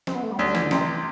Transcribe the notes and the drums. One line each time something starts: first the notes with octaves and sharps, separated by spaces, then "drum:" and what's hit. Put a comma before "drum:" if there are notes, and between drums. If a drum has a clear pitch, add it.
C4, drum: snare
B3
A3
G3
D2 F#3
G3
D2 E3, drum: snare
D3
C3 E3, drum: snare